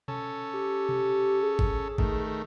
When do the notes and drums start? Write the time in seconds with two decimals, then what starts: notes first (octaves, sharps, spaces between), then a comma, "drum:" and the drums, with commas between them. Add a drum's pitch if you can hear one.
0.08 C#4 A4, drum: tom B2
0.54 G4
0.89 drum: tom B2
1.42 G#4
1.59 drum: kick
1.98 D#3 A3, drum: kick